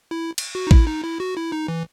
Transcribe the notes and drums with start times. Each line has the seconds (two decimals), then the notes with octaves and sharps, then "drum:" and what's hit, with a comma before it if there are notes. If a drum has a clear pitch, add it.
0.11 E4
0.38 drum: cymbal
0.55 F#4
0.67 D#4
0.71 E4, drum: kick A1
0.87 D#4
1.04 E4
1.20 F#4
1.37 E4
1.52 D#4
1.68 E3